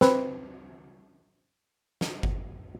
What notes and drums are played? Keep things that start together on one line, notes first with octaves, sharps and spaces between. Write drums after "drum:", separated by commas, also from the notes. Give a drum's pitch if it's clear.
C4 B4, drum: snare
drum: snare
drum: kick G1